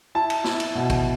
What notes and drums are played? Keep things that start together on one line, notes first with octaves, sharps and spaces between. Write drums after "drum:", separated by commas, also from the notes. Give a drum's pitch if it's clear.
E4 A5
drum: cymbal
E4, drum: snare
drum: cymbal
B2
drum: kick G#1, cymbal